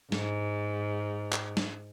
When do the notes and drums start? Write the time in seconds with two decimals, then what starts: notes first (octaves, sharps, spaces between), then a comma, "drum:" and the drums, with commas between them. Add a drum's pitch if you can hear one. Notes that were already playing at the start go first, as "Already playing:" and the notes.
0.12 G#2, drum: snare
1.32 drum: clap
1.57 drum: snare